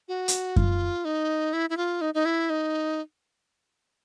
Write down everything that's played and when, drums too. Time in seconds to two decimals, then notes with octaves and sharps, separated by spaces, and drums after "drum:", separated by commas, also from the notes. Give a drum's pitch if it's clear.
0.08 F#4
0.28 drum: hi-hat
0.56 F4, drum: kick F#2
1.05 D#4
1.53 E4
1.70 E4
1.77 F4
2.01 D#4
2.14 D#4
2.25 E4
2.50 D#4